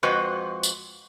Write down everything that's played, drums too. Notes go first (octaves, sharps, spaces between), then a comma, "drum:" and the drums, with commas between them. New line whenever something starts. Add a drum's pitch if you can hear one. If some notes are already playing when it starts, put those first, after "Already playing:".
F2 G#3 F#4 B4 C5
drum: tambourine